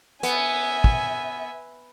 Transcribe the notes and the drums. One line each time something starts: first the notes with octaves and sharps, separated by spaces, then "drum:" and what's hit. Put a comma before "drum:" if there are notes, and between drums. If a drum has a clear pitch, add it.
B3 E5 G#5, drum: hi-hat
drum: kick